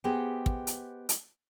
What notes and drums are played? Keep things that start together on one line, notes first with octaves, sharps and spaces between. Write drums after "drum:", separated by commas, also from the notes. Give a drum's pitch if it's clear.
B3 G4 G#4 C5 D#5 G5
drum: kick
drum: hi-hat
drum: hi-hat